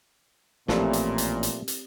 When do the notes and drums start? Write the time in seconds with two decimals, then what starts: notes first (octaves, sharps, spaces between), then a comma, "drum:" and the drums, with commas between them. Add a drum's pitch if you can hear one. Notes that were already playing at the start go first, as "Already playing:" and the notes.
0.68 A1 A#2 F3 A3 C4 E4 G4 D5, drum: snare
0.93 drum: hi-hat
1.18 drum: hi-hat
1.43 drum: hi-hat
1.68 drum: hi-hat